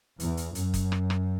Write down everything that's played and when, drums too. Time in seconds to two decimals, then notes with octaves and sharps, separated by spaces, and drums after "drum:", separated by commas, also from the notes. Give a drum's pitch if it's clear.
0.20 E2, drum: hi-hat
0.37 drum: hi-hat
0.55 F#2, drum: hi-hat
0.74 drum: kick F#1, hi-hat
0.92 drum: rim click
1.10 drum: rim click